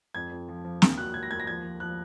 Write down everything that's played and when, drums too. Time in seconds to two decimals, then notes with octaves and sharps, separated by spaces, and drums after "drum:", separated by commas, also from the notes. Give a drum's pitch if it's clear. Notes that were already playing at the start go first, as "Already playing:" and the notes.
0.14 F2 G#6
0.31 F2
0.48 F3
0.65 F3
0.82 D#2, drum: snare
0.98 F#3 F#6
1.14 F#3 G#6
1.23 A#6
1.31 D#2 G#6
1.40 A#6
1.47 F3 G#6
1.64 F3
1.80 F3 F#6